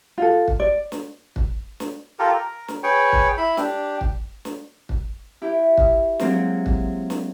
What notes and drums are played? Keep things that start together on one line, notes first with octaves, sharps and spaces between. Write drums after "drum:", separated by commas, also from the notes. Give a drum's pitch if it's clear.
F4 A4
drum: kick
D5
drum: snare
drum: kick
drum: snare
F4 G4 A4 A#4
A#4
drum: snare
G#4 B4 C#5 G5
drum: kick
E4 B5
D4 G4, drum: snare
drum: kick
drum: snare
drum: kick
E4 G4
drum: kick
F#3 G#3 A#3 C4 F#4 G4, drum: snare
drum: kick
drum: snare